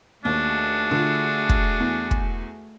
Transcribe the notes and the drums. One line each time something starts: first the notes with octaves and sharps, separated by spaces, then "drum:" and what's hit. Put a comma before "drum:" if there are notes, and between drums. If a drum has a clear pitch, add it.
D#2 A3 D4 F#4 G#4
D3 F4
drum: kick
E2
drum: kick